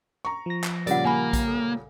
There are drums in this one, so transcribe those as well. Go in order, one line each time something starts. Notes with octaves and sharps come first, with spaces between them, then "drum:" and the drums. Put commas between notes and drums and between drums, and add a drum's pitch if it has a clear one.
A#5 C#6
F3 A#6
drum: clap
A#2 C#3 G3 A#4 D5 F#5, drum: hi-hat
A#3 G#5 B5
drum: kick A#1, hi-hat
A4